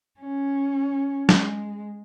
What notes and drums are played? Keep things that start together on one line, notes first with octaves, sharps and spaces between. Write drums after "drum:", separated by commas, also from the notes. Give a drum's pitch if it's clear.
C#4
G#3, drum: snare F#3